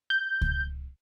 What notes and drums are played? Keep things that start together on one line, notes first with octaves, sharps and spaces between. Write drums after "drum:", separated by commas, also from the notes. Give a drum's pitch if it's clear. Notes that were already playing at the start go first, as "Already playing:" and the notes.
G6
drum: kick C#2